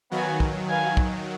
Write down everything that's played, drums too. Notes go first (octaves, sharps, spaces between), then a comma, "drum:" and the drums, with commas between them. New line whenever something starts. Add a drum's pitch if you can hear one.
D#3 F#3 B3 F#4 B4 F5 G#5
drum: kick
F#4 B4 F5 G#5
drum: kick